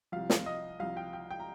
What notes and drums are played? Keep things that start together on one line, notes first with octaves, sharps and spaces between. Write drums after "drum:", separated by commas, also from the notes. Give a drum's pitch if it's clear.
C2 C3 F3 F5
drum: snare
D#5
C2 C3 F3 F5
G5
G5
G5
A#5